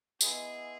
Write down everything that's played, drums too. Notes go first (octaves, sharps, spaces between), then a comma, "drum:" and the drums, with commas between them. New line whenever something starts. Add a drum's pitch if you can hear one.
G#3 B3 E4 G#4, drum: tambourine